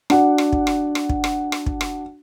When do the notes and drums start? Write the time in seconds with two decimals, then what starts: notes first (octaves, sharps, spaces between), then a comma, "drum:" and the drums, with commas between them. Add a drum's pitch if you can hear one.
0.10 D4 F#4 F#5, drum: rim click
0.38 drum: rim click
0.53 drum: kick
0.67 drum: rim click
0.95 drum: rim click
1.09 drum: kick
1.24 drum: rim click
1.52 drum: rim click
1.66 drum: kick
1.81 drum: rim click